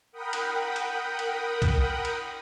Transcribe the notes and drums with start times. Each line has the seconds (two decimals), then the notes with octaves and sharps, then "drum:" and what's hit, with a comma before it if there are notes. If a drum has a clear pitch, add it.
0.12 A#4 F#5 G5 B5 D#6
0.33 drum: cymbal
0.76 drum: cymbal
1.19 drum: cymbal
1.62 drum: kick, cymbal
2.05 drum: cymbal